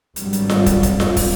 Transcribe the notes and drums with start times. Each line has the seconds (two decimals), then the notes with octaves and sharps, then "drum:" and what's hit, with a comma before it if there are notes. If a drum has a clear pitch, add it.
0.16 G#1 G2 F#3 G3, drum: hi-hat
0.33 drum: hi-hat
0.50 drum: snare F4
0.66 drum: kick, hi-hat
0.83 drum: kick, hi-hat
1.00 drum: snare F4
1.17 drum: kick, open hi-hat